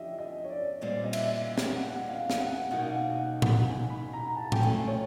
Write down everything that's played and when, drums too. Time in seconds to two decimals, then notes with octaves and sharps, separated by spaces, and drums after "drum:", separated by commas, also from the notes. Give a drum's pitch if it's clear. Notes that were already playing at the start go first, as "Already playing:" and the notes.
Already playing: F3 D4 G4 D#5 E5
0.19 D#5
0.44 C#5
0.50 D5
0.81 A#2 G3 C4 F4 D5
1.04 D#5
1.13 E5, drum: cymbal
1.58 drum: snare
1.76 F#5
2.08 F5
2.30 drum: snare
2.39 F#5
2.71 B2 F#3 A#3 D#4 F#4 F#5
2.83 F5
2.94 F#5
3.19 F#5
3.42 F#5, drum: tom A2
3.66 G#5
3.90 B5
4.13 A#5
4.37 A5
4.52 G5, drum: tom A2
4.61 A#2 F3 A3 D4 F4 G#5
4.87 C#5